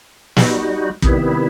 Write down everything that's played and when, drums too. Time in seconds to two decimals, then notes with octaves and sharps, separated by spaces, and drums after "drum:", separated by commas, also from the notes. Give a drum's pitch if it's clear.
0.37 G3 D#4 F#4, drum: snare
1.02 C3 D#3 G3 B3 E4, drum: kick